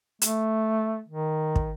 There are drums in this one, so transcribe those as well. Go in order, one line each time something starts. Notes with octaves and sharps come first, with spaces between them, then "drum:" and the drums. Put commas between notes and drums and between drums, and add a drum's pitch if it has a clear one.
A3, drum: hi-hat
D#3
drum: kick